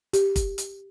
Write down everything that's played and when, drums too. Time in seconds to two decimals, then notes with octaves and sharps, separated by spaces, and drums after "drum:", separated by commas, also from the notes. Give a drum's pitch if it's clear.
0.13 G4, drum: hi-hat
0.36 drum: kick, hi-hat
0.58 drum: hi-hat